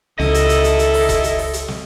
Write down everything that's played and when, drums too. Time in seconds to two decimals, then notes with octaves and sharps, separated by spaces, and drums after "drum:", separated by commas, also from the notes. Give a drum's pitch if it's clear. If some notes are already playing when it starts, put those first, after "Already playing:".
0.19 C#2 D#3 E4 A4 D#5, drum: snare
0.34 drum: hi-hat
0.49 drum: hi-hat
0.64 drum: hi-hat
0.79 drum: hi-hat
0.94 drum: open hi-hat
1.09 drum: kick F1, hi-hat
1.24 drum: hi-hat
1.39 drum: open hi-hat
1.53 drum: hi-hat
1.68 drum: snare